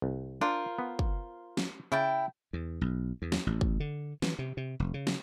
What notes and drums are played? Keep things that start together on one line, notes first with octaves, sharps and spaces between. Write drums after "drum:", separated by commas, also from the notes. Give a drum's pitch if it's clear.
C2
D4 F4 A#4 C5
B3
drum: kick
drum: snare
C#3 E4 G5 A5
E2
B1
E2
drum: snare
A1
drum: kick
D3
E3, drum: snare
C3
C3
F1
C#3
drum: snare